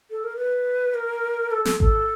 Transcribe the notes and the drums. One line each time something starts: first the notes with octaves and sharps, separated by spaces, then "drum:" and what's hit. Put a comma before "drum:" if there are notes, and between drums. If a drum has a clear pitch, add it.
A4
A#4
B4
A#4
A4
A4, drum: snare
A4, drum: kick G#1